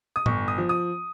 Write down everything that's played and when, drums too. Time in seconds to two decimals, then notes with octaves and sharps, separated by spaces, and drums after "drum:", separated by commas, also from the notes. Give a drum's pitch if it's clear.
0.16 D#6
0.26 G1 C#6, drum: tom A2
0.48 D#6
0.58 F3
0.69 D#6